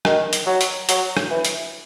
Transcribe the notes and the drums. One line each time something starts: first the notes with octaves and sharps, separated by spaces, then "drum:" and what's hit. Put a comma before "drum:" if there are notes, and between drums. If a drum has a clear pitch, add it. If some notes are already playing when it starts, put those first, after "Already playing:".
D#3, drum: rim click
drum: hi-hat
F#3
drum: hi-hat
F#3, drum: hi-hat
drum: rim click
E3
drum: hi-hat